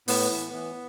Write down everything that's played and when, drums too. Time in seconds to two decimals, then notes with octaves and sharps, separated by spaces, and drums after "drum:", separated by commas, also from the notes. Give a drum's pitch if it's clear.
0.08 A2 B3, drum: open hi-hat
0.31 E3
0.53 E3